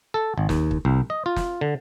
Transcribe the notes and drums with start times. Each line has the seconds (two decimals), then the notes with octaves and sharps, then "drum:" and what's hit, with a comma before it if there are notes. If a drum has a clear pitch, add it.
0.14 A4
0.38 G#1
0.49 D#2, drum: snare
0.71 drum: kick
0.85 C2
1.10 D#5
1.26 F4
1.36 drum: snare
1.61 D3